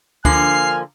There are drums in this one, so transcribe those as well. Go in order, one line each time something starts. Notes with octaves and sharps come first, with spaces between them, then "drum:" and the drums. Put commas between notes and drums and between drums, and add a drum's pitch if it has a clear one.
D3 F3 A#3 G#5 F6 C7, drum: kick